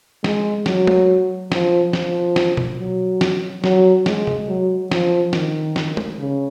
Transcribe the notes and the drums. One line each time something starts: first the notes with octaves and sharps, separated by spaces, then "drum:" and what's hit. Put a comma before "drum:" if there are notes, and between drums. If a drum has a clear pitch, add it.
G#3, drum: snare
F#3, drum: snare
drum: tom
F3, drum: snare
F3, drum: snare
drum: snare
drum: tom B2
F#3
drum: snare
F#3, drum: snare
G#3, drum: snare
drum: tom C3
F#3
F3, drum: snare
D#3, drum: snare
drum: snare
drum: tom
C#3